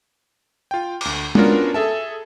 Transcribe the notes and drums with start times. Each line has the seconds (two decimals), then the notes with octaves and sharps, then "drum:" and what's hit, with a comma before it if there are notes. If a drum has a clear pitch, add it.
0.71 F4 G5
1.01 D2 D6, drum: cymbal
1.35 B3 C#4 D4 F4 F#4 A#4, drum: tom
1.74 G#4 A4 E5 A5